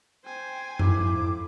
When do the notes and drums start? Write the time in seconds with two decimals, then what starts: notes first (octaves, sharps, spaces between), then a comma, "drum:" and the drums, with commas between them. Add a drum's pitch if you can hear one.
0.25 C5 G5 G#5
0.79 F2 G#2 E4 D6, drum: tom F#2